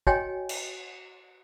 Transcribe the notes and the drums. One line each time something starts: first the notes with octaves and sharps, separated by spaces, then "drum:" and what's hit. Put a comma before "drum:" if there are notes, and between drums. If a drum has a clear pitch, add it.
F#4 C#5 D#5 G5 G#5, drum: kick
drum: cymbal